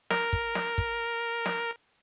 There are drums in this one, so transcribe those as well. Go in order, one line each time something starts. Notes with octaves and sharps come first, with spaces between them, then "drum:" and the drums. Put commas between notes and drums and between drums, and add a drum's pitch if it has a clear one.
A#4, drum: snare
drum: kick
drum: snare
drum: kick
drum: snare